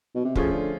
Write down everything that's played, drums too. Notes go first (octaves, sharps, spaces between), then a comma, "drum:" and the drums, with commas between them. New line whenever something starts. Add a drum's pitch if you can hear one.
B2
C3
C#3 F3 A3 C#4 F4 G#4, drum: kick
D3